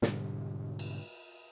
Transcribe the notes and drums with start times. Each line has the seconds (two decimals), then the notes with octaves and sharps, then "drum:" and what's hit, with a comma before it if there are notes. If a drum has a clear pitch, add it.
0.02 G#2 B2 D3 G3, drum: snare
0.79 drum: cymbal